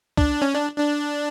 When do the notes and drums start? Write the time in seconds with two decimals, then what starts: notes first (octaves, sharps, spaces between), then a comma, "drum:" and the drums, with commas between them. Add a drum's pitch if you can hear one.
0.17 D4, drum: kick
0.42 C#4
0.54 D4
0.78 D4